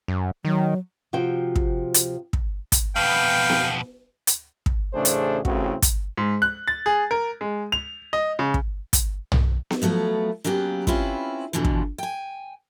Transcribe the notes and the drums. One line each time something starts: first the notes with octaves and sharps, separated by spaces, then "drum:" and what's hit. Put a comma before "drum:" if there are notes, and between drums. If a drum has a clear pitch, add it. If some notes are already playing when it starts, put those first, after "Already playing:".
F#2
D#3 F#3
C3 F3 F#4 G5
drum: kick
drum: hi-hat
drum: kick
drum: kick, hi-hat
F2 B2 B4 F5 G5
drum: snare B3
drum: hi-hat
drum: kick
A1 C#3 A3 D4 G#4 C5
drum: hi-hat
A1 A2 C#3 C4 F#4, drum: kick
drum: kick, hi-hat
G#2
F#6
A6
G#4
A#4
G#3
F7
D#5
C#3
drum: kick
drum: kick, hi-hat
drum: tom
drum: snare B3
F3 F#3 A3 B3
C#3 F#3 A#3 B3 G4
C4 C#4 E4 F4 B4, drum: kick
F2 B2 D3 E3 F3
drum: kick
G5 G#5